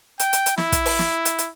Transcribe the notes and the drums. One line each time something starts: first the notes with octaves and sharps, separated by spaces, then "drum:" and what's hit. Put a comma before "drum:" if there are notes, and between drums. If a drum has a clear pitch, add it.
G5, drum: hi-hat
drum: hi-hat
drum: hi-hat
E4, drum: snare
drum: kick, hi-hat
drum: open hi-hat
drum: snare
drum: hi-hat
drum: hi-hat